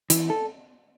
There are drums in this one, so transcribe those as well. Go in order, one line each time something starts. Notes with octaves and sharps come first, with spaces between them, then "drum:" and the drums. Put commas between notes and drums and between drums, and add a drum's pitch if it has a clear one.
E3, drum: hi-hat
A4